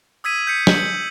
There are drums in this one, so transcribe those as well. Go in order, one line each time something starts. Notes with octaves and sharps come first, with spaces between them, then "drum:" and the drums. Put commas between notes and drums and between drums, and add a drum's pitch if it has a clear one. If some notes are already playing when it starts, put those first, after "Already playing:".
D#6 E6 G#6 B6 D#7
G6 B6 C#7
G6 C#7 F#7, drum: snare